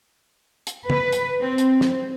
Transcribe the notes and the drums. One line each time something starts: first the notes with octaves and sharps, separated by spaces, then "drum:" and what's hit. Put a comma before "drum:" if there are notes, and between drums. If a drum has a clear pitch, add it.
drum: hi-hat
B4, drum: tom
drum: hi-hat
C4
drum: hi-hat
drum: snare